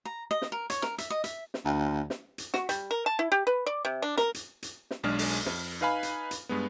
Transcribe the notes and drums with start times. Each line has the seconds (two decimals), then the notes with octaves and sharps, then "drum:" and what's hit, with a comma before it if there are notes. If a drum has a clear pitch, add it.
0.05 A#5
0.31 D#5
0.42 drum: snare
0.52 A#4
0.70 C#5, drum: hi-hat
0.82 A#4, drum: snare
0.98 E5, drum: hi-hat
1.10 D#5
1.24 E5, drum: hi-hat
1.54 drum: snare
1.65 D2
2.10 drum: snare
2.38 drum: hi-hat
2.54 F#4, drum: snare
2.69 G3, drum: hi-hat
2.91 A#4
3.06 A5
3.19 E4
3.32 G4
3.47 B4
3.66 D5
3.85 C3
4.02 D4
4.17 A#4, drum: snare
4.34 drum: hi-hat
4.63 drum: hi-hat
4.91 drum: snare
5.03 B1 G#3 D4 G#4 F6
5.19 drum: open hi-hat
5.46 F2, drum: snare
5.81 D#4 B4 F5 G#5 B5
6.03 drum: hi-hat
6.31 drum: hi-hat
6.49 G2 G#3 B3